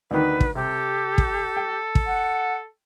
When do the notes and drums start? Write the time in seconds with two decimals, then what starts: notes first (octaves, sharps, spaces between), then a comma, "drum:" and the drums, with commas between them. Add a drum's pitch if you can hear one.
0.11 D2 D#3 B4
0.40 drum: kick
0.55 C3 G4 A4
1.18 drum: kick
1.57 G5
1.95 drum: kick
2.06 F#5